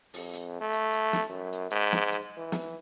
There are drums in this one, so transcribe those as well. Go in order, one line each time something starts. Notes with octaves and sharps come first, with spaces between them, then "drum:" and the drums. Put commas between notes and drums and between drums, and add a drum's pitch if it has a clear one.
F2, drum: open hi-hat
drum: hi-hat
A3
drum: hi-hat
drum: hi-hat
drum: snare
F#2
drum: hi-hat
G#2, drum: hi-hat
drum: snare
drum: hi-hat
E3
drum: snare